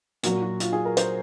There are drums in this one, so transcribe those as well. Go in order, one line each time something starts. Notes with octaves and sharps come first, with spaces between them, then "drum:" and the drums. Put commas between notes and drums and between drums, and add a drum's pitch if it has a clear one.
A#2 F#3 A#3 F#4, drum: hi-hat
F#4
F4, drum: hi-hat
G#4
A#4
C5, drum: hi-hat